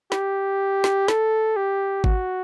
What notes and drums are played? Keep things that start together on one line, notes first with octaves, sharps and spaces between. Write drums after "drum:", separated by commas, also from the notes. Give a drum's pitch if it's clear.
G4, drum: snare
drum: snare
A4, drum: snare
G4
F#4, drum: kick G#1